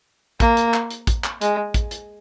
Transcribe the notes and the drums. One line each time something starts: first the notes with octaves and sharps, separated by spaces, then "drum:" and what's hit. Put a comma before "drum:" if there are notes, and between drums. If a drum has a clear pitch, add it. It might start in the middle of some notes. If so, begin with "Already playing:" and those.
A#3, drum: kick A1, hi-hat
drum: hi-hat
drum: clap
drum: hi-hat
drum: kick A1, hi-hat
drum: clap
G#3, drum: hi-hat
drum: kick A1, hi-hat
drum: hi-hat